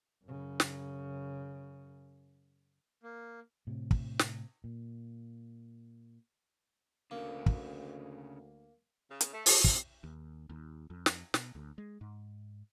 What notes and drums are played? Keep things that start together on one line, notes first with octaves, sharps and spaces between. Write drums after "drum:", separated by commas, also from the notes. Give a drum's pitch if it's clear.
F#2 C#3
drum: snare
A#3
A2 C3
drum: kick
drum: snare
A#2
D2 C#3 A#3 D4
drum: kick
C#3
drum: hi-hat
A3
C#5, drum: open hi-hat
C3, drum: kick
D#2
D#2
F2
drum: snare
B2, drum: snare
D2
G#3
G#2